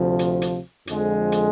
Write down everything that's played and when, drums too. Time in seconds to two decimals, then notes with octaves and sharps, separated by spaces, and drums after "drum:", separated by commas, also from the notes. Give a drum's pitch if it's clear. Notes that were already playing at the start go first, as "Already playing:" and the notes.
Already playing: D2 C3 F3
0.19 drum: hi-hat
0.42 drum: hi-hat
0.87 F2 D3 F3 G#3, drum: hi-hat
1.32 drum: hi-hat